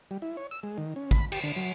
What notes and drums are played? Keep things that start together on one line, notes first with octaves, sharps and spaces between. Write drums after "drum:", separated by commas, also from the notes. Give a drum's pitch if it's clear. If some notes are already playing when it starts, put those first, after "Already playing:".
G3
E4
C#5
E6
G#3
D#3
C#4
B5, drum: kick A1
G4, drum: cymbal
D3
F#3